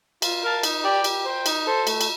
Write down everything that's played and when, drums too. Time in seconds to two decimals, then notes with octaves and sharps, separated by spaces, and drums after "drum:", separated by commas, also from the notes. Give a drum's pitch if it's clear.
0.22 F4, drum: cymbal
0.43 A#4 F5 A5
0.63 D#4, drum: cymbal
0.84 G4 D5 G5
1.04 G4, drum: cymbal
1.25 C5 G5
1.46 D#4, drum: cymbal
1.66 A4 C5
1.87 A3, drum: cymbal
2.01 drum: cymbal